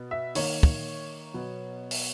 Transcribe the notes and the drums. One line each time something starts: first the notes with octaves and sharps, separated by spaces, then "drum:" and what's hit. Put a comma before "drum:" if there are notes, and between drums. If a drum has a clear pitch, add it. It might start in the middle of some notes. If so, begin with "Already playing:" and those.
Already playing: B2 B3
E5
D#3 A#3 C#5, drum: open hi-hat
drum: kick
B2 F#3 B3
drum: open hi-hat